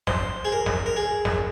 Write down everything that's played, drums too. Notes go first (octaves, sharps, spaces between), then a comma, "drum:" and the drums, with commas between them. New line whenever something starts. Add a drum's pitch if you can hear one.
C5, drum: snare
G#4
A#4
drum: snare
A#4
G#4
drum: snare